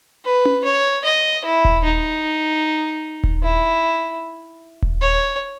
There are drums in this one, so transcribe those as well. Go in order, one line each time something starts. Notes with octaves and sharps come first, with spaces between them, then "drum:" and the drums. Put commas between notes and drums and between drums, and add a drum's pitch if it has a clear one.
B4
drum: tom C#4
C#5
D#5
E4
drum: kick D#1
D#4
drum: kick D#1
E4
drum: kick D#1
C#5